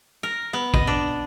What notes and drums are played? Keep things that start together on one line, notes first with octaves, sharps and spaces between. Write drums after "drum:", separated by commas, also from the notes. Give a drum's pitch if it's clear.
A#4
B3
D#5, drum: kick
D4